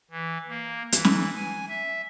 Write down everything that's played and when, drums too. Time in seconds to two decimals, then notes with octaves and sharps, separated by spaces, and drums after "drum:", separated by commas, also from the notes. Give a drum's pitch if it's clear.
0.11 E3
0.48 A#3
0.92 E3, drum: hi-hat
1.05 drum: snare
1.35 G#5
1.68 E5